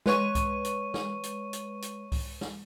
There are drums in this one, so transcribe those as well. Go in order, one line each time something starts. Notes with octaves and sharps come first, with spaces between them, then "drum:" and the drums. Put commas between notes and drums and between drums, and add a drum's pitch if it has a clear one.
G#3 B4 C#5 C#6 D#7, drum: snare
drum: kick C2, hi-hat
drum: hi-hat
drum: snare
drum: hi-hat
drum: hi-hat
drum: hi-hat
drum: kick C2, open hi-hat
drum: snare